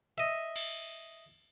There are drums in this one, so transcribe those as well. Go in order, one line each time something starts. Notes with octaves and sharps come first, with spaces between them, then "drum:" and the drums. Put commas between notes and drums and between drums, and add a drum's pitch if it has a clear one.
D#5 E5
drum: cymbal